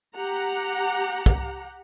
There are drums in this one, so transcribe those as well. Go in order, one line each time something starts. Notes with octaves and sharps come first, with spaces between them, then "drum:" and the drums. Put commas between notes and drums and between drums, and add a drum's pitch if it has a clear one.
G4 F#5 A#5
drum: kick